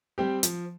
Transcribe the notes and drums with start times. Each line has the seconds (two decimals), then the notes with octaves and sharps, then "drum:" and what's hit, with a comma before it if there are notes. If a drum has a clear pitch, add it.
0.18 G3 C4 G4
0.43 F3, drum: hi-hat